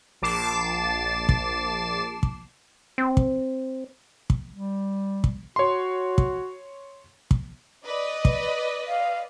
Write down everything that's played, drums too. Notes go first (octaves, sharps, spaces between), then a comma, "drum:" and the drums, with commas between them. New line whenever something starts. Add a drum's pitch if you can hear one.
A#1 A5 D6 C7 E7
drum: kick
drum: kick
C4
drum: kick
drum: kick
G3
drum: kick
F#4 C#5 C6
drum: kick
drum: kick
B4 D5 D#5
drum: kick
F5